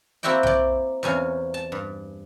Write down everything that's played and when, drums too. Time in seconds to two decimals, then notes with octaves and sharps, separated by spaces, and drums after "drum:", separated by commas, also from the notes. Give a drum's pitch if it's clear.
0.23 A#3 C4 E4 F#4 D5 G5
0.43 D5 G5, drum: tom B1
1.03 E2 C3 C#4 F5
1.54 A5
1.72 G2